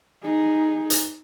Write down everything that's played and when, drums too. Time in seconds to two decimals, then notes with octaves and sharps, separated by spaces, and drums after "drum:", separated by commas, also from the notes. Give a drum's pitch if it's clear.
0.24 D#4 G#4
0.90 drum: hi-hat